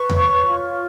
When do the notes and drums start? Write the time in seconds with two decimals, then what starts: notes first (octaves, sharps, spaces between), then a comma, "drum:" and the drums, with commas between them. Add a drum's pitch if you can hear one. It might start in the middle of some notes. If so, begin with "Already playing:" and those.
Already playing: B4 C#6
0.10 C#5, drum: tom E2
0.44 F4